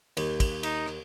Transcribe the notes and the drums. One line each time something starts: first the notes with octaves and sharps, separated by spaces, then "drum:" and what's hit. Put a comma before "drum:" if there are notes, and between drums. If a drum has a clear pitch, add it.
D#2, drum: cymbal
drum: kick, cymbal
D#4, drum: cymbal
drum: rim click